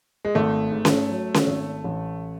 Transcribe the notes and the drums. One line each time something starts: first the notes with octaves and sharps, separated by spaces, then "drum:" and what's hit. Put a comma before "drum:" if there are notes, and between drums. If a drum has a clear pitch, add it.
G#3
G#1 A3
G#2
drum: snare C#4
F#3
drum: snare C#4
G#1
A1